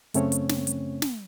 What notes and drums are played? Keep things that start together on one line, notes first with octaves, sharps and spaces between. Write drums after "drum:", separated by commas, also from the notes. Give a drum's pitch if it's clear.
F#2 C#3 A3 C4 C#4 C#5, drum: hi-hat
drum: hi-hat
drum: snare
drum: hi-hat
drum: snare